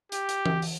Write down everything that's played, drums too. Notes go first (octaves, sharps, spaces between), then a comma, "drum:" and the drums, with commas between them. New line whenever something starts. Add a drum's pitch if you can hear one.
G4, drum: hi-hat
drum: hi-hat
drum: tom E3
drum: open hi-hat